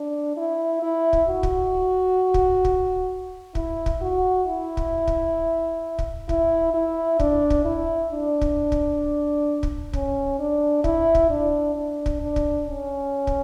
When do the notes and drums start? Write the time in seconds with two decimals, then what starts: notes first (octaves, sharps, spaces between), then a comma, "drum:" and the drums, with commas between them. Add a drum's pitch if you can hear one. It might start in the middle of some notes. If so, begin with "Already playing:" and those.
Already playing: D4
0.37 E4
0.82 E4
1.13 drum: kick
1.28 F#4
1.43 drum: kick
2.34 drum: kick
2.65 drum: kick
3.55 E4, drum: kick
3.86 drum: kick
4.02 F#4
4.47 E4
4.77 drum: kick
5.08 drum: kick
5.99 drum: kick
6.29 E4, drum: kick
6.74 E4
7.20 D4, drum: kick
7.50 drum: kick
7.65 E4
8.11 D4
8.41 drum: kick
8.72 drum: kick
9.63 drum: kick
9.93 C#4, drum: kick
10.39 D4
10.84 E4, drum: kick
11.15 drum: kick
11.30 D4
11.75 D4
12.06 drum: kick
12.21 D4
12.36 drum: kick
12.67 C#4
13.27 drum: kick